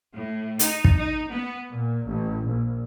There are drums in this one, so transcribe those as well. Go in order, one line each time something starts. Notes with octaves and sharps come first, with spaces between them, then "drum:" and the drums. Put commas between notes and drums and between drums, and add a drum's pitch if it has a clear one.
A2
D#4, drum: hi-hat
drum: kick
D#4
B3
A#2
A1
A#1